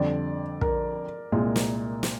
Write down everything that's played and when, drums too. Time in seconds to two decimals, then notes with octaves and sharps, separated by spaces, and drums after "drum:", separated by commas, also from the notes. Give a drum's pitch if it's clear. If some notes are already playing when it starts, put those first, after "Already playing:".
Already playing: F2 D3 G3 D5
0.61 A#4, drum: kick
1.32 C2 A#2 G#3
1.56 drum: snare
2.03 drum: snare